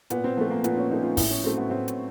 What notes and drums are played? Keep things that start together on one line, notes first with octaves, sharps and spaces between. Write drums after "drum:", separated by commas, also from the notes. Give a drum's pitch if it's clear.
A#2 B3, drum: hi-hat
C4
F3 A3 B3
A#3
A#2 B3, drum: hi-hat
C#4
F3 A3 D#4
F4
A2 E4, drum: kick, open hi-hat
C#4
F#3 A3 C4
B3
A2 C4
drum: hi-hat